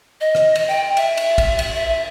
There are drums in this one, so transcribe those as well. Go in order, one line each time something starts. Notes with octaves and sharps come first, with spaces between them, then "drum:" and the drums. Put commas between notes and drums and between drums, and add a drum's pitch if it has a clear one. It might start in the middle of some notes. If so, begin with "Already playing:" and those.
D#5
drum: rim click
drum: cymbal
G5
E5, drum: cymbal
drum: cymbal
drum: kick, cymbal
drum: cymbal
E5